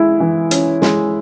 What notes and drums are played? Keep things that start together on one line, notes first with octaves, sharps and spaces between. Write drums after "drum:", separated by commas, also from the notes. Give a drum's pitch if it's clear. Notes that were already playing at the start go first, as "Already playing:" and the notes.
Already playing: G#3 E4
E3
C#4, drum: hi-hat
G#3, drum: snare